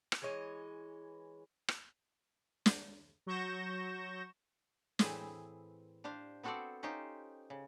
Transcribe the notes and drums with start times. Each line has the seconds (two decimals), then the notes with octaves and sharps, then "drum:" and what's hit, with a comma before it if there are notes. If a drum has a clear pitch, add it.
0.12 drum: rim click
0.22 E3 G#3 C#5 D#5
1.68 drum: rim click
2.66 drum: snare
3.26 F#3 C#6 G6 A#6 E7
4.99 A2 E3 C4 G#4 B4 E5, drum: snare
6.04 D4 G4 C5 F5
6.43 B3 C4 F#4 A4 C5 D5
6.83 C#4 D#4 F4 G4 C5
7.50 C#3